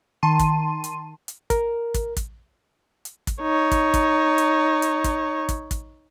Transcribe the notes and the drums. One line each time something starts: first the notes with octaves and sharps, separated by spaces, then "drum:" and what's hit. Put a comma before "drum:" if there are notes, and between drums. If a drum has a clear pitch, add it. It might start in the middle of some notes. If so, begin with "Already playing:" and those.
D#3 A5 C6 D#7
drum: kick, hi-hat
drum: hi-hat
drum: hi-hat
A#4, drum: kick, hi-hat
drum: kick, hi-hat
drum: kick, hi-hat
drum: hi-hat
drum: kick, hi-hat
D#4 C#5
drum: kick, hi-hat
drum: kick, hi-hat
drum: hi-hat
drum: hi-hat
drum: kick, hi-hat
drum: kick, hi-hat
drum: kick, hi-hat